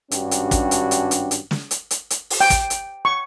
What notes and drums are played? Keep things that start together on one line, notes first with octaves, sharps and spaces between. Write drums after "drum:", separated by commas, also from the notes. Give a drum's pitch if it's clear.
G#1 G2 C#4 D4 F#4 G4, drum: hi-hat
drum: hi-hat
drum: kick, hi-hat
drum: hi-hat
drum: hi-hat
drum: hi-hat
drum: hi-hat
drum: snare
drum: hi-hat
drum: hi-hat
drum: hi-hat
drum: open hi-hat
G5
drum: kick, hi-hat
drum: hi-hat
C#6